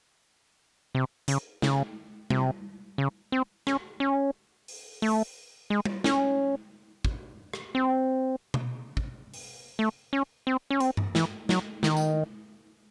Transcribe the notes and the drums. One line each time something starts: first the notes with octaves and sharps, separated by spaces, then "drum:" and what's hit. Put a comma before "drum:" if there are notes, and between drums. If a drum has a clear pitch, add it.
C3
C#3, drum: hi-hat
C#3, drum: snare
C3, drum: tom G3
C#3
C4
C#4, drum: rim click
C#4
drum: open hi-hat
A3, drum: open hi-hat
G#3
drum: tom G3
C#4, drum: snare
drum: kick
drum: rim click
C4
drum: tom B2
drum: kick
drum: open hi-hat
A3
C#4
C4
C#4
C4, drum: hi-hat
drum: tom G2
E3, drum: snare
F#3, drum: snare
D#3, drum: snare
drum: tambourine